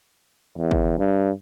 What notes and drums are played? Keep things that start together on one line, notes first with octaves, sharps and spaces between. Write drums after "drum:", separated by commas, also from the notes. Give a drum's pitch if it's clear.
E2
drum: kick
G2